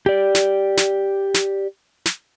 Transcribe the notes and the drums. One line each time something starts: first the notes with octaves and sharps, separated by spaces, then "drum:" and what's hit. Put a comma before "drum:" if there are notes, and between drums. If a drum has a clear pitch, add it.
G4 D5
drum: snare
drum: snare
drum: snare
drum: snare